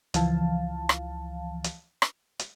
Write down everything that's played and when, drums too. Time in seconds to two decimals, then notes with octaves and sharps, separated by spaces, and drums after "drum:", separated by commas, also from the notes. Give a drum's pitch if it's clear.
0.14 C#2 E3 F3 F5 A5, drum: hi-hat
0.89 drum: rim click
1.64 drum: hi-hat
2.02 drum: rim click
2.39 drum: hi-hat